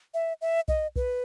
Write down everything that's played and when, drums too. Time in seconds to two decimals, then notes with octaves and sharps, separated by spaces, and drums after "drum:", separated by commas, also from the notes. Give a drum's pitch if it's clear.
0.14 E5
0.41 E5
0.68 D#5, drum: kick B1
0.96 B4, drum: kick B1